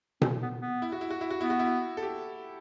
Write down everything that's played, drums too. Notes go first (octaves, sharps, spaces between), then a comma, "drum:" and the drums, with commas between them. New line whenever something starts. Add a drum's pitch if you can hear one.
C4, drum: tom B2
B3
B3
E4
F#4
E4
F#4
E4
F#4
B3 E4
F#4
E4
A4
G4